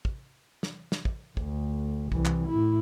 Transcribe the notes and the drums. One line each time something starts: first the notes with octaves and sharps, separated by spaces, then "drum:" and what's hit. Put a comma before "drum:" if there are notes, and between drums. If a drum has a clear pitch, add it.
drum: kick
drum: snare
drum: snare
drum: kick
D2, drum: kick
C2 E3, drum: kick
drum: clap
A2 E4